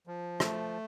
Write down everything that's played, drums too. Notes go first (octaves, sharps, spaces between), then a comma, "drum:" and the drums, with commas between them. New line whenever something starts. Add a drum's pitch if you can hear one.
F3
A3, drum: rim click